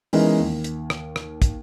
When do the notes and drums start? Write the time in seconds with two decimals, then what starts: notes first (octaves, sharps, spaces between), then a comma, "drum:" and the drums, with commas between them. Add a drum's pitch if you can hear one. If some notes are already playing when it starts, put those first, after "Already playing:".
0.13 E3 G#3 B3 C#4 D#4 A#4, drum: open hi-hat
0.39 D#2
0.64 drum: hi-hat
0.90 drum: rim click
1.16 drum: rim click
1.42 drum: kick, hi-hat